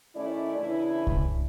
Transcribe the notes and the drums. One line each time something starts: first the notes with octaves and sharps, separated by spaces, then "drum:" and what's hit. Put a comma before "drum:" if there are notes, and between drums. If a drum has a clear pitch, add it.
D#2 A3 C#4 E4 D5
C#3 E3 D4 E4
drum: kick C2